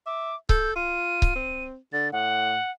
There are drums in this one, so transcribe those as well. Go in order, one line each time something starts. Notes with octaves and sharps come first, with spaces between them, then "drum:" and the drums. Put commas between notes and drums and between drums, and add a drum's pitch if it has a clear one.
E5 D6
A4 G6, drum: kick C#1
F4 D#7
drum: kick C#1
C4
D3 A6
A2 F#5